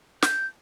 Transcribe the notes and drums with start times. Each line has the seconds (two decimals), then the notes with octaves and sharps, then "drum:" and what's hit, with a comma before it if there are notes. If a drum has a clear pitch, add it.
0.22 G6, drum: snare